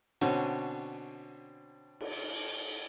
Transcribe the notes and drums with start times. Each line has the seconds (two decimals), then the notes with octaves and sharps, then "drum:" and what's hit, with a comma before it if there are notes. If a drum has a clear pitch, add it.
0.21 B2 D3 C4 C#4, drum: cymbal
2.01 drum: cymbal